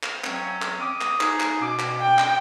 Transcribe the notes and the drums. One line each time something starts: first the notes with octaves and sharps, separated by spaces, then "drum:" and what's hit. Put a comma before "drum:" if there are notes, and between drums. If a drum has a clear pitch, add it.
drum: clap
F#3 C4 C#4, drum: clap
drum: clap
D6 D#6
drum: clap
D#4 G#4, drum: clap
drum: clap
B2 C#4 D6
drum: clap
G5
drum: clap